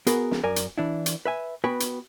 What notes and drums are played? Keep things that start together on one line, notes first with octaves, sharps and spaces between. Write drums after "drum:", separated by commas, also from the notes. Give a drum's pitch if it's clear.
B3 F#4 G#4 A#4, drum: hi-hat
drum: snare
F#2 A#4 D5 G#5
drum: hi-hat
E3 D4 E4
drum: hi-hat
B4 E5 G#5
B3 F#4 B4 G5 G#5
drum: hi-hat